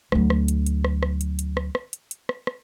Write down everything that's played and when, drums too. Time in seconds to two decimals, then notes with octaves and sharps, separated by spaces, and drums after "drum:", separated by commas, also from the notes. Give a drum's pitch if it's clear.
0.12 D2 F#3, drum: rim click
0.30 drum: rim click
0.48 drum: hi-hat
0.66 drum: hi-hat
0.85 drum: rim click
1.03 drum: rim click
1.21 drum: hi-hat
1.39 drum: hi-hat
1.57 drum: rim click
1.75 drum: rim click
1.93 drum: hi-hat
2.11 drum: hi-hat
2.29 drum: rim click
2.47 drum: rim click